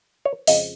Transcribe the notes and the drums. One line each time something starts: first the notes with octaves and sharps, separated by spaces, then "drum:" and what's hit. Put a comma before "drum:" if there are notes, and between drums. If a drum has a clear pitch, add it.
C#5
F2 C#3 F3 G#3 D#5, drum: open hi-hat